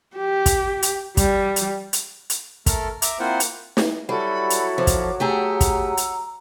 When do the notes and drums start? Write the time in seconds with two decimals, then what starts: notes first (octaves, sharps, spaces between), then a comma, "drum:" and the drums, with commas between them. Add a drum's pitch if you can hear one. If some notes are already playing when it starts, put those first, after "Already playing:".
0.16 G4
0.46 drum: kick, hi-hat
0.83 drum: hi-hat
1.17 G3, drum: kick, hi-hat
1.56 drum: hi-hat
1.93 drum: hi-hat
2.30 drum: hi-hat
2.66 A3 A4 A#4 F6, drum: kick, hi-hat
3.02 E5 A#5 D6, drum: hi-hat
3.19 A#3 C4 E4 F4 C5 F#5
3.40 drum: hi-hat
3.77 drum: snare
4.09 F#3 G3 E4 F#4 A4 B5
4.50 drum: hi-hat
4.78 F3 D6
4.87 drum: kick, hi-hat
5.20 A3 G4 G#4 F#5 A#5 E6
5.61 drum: kick, hi-hat
5.97 drum: hi-hat